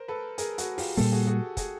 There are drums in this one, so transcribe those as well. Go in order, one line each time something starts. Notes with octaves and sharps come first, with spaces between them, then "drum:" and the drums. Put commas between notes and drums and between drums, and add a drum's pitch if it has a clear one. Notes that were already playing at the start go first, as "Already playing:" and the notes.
Already playing: A#4 C5
A4 B4
G#4 A#4, drum: hi-hat
F#4 G#4, drum: hi-hat
F4 G4, drum: open hi-hat
A#2 G3 A#3 G4 A4, drum: open hi-hat
F#4 G#4
F#4 G#4
F#4 G#4, drum: kick, hi-hat